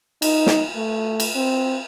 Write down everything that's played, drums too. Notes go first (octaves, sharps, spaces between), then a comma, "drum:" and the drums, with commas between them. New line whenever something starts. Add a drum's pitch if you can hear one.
D#4, drum: cymbal
drum: snare
A3
drum: cymbal
C4